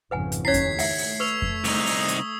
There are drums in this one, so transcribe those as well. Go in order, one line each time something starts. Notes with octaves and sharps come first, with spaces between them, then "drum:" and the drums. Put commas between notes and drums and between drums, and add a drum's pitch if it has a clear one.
G#1 F2 C#3 B4 F#5 G#5
drum: hi-hat
D#2 D#3 C#4 E4 C#5 G#6 B6 C7
drum: kick F2, hi-hat
A3 E5 F#5 C7, drum: open hi-hat
drum: open hi-hat
B4 C#6 E6 F7
drum: kick F2
C2 D#4, drum: open hi-hat
drum: open hi-hat
D#6
drum: hi-hat